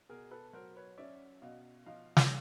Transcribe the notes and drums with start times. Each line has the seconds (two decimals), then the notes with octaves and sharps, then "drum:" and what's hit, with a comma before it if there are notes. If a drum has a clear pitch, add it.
0.09 B2 G#4 A#4
0.31 A4 B4
0.53 F#3 A#4 C5
0.76 B4 C#5
0.98 C#4 D5 E5
1.42 B2 D#5 F5
1.86 F3 D#5 F5
2.17 drum: snare